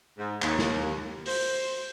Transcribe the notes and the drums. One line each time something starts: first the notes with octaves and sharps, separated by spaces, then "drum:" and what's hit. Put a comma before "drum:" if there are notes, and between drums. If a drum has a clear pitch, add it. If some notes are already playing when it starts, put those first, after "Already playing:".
G#2
D#2, drum: clap
drum: snare
C5, drum: open hi-hat